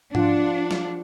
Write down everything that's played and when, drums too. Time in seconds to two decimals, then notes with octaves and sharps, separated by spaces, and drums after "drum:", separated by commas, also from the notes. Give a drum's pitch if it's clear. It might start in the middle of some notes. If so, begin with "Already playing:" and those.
0.15 F3 D4 F4 F#5, drum: tom G#2
0.71 drum: snare